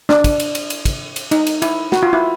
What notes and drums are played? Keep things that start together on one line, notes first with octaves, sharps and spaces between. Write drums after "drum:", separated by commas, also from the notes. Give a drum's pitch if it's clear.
D4, drum: snare
drum: kick, cymbal
drum: cymbal
drum: cymbal
drum: cymbal
drum: kick, cymbal
drum: cymbal
D#4, drum: cymbal
drum: cymbal
E4, drum: cymbal
F#4, drum: snare
F4
E4